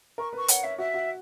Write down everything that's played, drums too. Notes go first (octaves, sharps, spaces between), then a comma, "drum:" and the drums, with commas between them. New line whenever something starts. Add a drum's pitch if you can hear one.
A#4 C#6
B4 C#6
C#5 F#5, drum: hi-hat
C#5 E5
F#4 E5
F#4